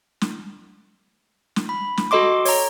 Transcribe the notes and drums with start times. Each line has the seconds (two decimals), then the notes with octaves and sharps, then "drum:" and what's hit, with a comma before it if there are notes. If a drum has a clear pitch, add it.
0.21 drum: snare
1.56 drum: snare
1.69 B5
1.97 drum: snare
2.11 F#4 A4 D#5 C6 D6
2.45 C#5 A#5, drum: open hi-hat